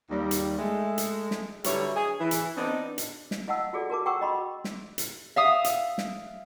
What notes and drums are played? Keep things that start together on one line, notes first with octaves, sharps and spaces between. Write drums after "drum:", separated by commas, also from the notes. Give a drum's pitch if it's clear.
D#2 G3
drum: hi-hat
G#3 A3
drum: hi-hat
drum: snare
D3 F#3 G3 E4 B4 C#5, drum: hi-hat
G#4
E3
drum: hi-hat
B3 C4 D4 D#4
drum: hi-hat
drum: snare
E4 D#5 F5 F#5 A5 E6
F4 F#4 G#4 A4 D5
F#4 A#4 A5 D6
F#5 G5 A#5 C#6 D6 E6
D#5 B5 C6
drum: snare
drum: hi-hat
E5 F5 D#6
drum: hi-hat
drum: snare